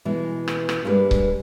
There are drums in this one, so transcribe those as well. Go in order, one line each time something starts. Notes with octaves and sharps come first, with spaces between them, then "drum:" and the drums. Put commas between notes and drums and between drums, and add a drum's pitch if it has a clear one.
B2 E3 G#3
drum: rim click
drum: rim click
G2 G3 G#3 A#3 D4 B4
drum: kick C#1